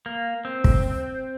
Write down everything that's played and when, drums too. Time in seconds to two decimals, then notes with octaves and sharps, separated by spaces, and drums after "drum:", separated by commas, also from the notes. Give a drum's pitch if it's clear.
0.06 A#3
0.45 C4
0.64 drum: kick